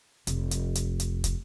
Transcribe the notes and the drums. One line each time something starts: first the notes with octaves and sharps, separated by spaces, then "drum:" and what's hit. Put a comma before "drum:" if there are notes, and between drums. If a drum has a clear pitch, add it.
F1, drum: hi-hat
drum: hi-hat
drum: hi-hat
drum: hi-hat
drum: kick, hi-hat